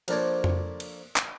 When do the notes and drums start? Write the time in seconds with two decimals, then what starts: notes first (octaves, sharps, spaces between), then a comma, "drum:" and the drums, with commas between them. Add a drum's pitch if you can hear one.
0.08 F3 A#3 D4 A4 C5 C#5, drum: cymbal
0.44 drum: tom F2
0.80 drum: cymbal
1.16 drum: clap